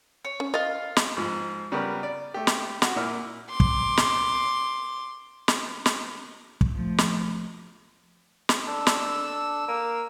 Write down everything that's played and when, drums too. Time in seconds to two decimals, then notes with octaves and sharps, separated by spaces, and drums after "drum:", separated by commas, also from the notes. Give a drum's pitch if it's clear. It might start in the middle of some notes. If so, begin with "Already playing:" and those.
0.25 C#5
0.40 C#4
0.54 F4 D#5 F5
0.96 drum: snare
1.17 G#2 F3
1.72 C#3 G3 B3 A#4
2.03 D5
2.34 A3 G4
2.47 drum: snare
2.82 F#4, drum: snare
2.96 A#2 E4 F6
3.51 C6 D6
3.60 drum: kick
3.97 drum: snare
5.48 drum: snare
5.86 drum: snare
6.61 drum: kick
6.73 F3 A3
6.98 drum: snare
8.49 drum: snare
8.67 D4 A4 E6
8.87 drum: snare
9.68 A#3